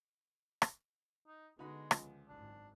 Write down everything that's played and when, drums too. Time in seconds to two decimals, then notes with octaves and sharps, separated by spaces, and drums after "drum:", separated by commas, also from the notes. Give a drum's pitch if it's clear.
0.62 drum: rim click
1.27 D#4
1.59 D3 G#3 B3 D#4 F#4 B5
1.91 C#2 F3, drum: rim click
2.28 G#1 F#2 D4